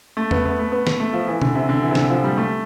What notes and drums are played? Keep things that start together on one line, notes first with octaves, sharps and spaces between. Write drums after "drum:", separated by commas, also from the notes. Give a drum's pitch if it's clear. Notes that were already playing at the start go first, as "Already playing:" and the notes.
A3
B3, drum: tom E2
B3
A3
B3
B3, drum: snare
A3
F3
E3
D3, drum: tom B2
C3
D3
E3
C3
D3, drum: snare
F3
G3
A3